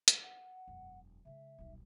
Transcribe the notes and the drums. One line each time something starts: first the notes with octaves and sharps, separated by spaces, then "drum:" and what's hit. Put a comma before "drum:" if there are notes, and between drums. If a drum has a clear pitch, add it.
drum: hi-hat
F#5
E1 F#2
C#3 G#3 E5
D#1 B1